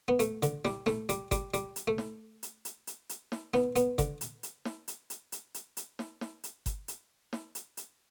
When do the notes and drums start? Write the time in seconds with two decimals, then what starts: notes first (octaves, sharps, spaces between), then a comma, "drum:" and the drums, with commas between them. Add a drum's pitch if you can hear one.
0.08 B3
0.19 A3, drum: hi-hat
0.43 D3, drum: hi-hat
0.65 G3, drum: snare
0.86 A3, drum: snare
1.09 G3, drum: hi-hat
1.31 G3, drum: kick G1, hi-hat
1.54 G3, drum: hi-hat
1.76 drum: hi-hat
1.88 A3
1.98 drum: snare
2.43 drum: hi-hat
2.65 drum: hi-hat
2.87 drum: hi-hat
3.09 drum: hi-hat
3.32 drum: snare
3.54 B3, drum: snare
3.76 B3, drum: hi-hat
3.98 D3, drum: kick G1, hi-hat
4.21 drum: hi-hat
4.43 drum: hi-hat
4.65 drum: snare
4.88 drum: hi-hat
5.10 drum: hi-hat
5.32 drum: hi-hat
5.54 drum: hi-hat
5.77 drum: hi-hat
5.99 drum: snare
6.21 drum: snare
6.43 drum: hi-hat
6.66 drum: kick G1, hi-hat
6.88 drum: hi-hat
7.33 drum: snare
7.55 drum: hi-hat
7.77 drum: hi-hat